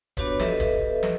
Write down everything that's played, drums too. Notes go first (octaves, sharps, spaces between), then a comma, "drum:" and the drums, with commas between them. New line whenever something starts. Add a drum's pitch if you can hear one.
B3 D4 F#4 G4 B4 C#5, drum: kick D1, hi-hat
G4 A4 B4 D#5 E5, drum: snare
drum: kick D1, hi-hat
drum: snare